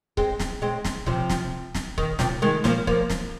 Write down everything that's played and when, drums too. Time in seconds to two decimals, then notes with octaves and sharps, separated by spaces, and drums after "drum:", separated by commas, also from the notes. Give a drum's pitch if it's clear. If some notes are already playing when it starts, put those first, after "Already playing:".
0.17 G#3 C4, drum: kick C#1
0.39 drum: snare
0.62 G#3 C4
0.85 drum: snare
1.06 C3 F3, drum: kick C#1
1.30 drum: snare
1.75 drum: snare
1.98 D#3, drum: kick C#1
2.19 C3 F3, drum: snare
2.42 D#3 G#3
2.64 F3 A#3, drum: snare
2.87 F3 A#3, drum: kick C#1
3.10 drum: snare